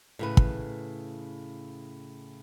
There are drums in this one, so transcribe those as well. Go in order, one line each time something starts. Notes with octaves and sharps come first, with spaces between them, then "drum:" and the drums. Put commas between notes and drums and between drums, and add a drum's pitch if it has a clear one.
A2 C#3 B4
drum: kick